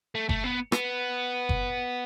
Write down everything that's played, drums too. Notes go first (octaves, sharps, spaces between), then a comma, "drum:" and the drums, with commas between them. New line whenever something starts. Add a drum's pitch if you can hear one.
A3
A3, drum: kick F#1
B3
B3, drum: rim click
drum: kick F#1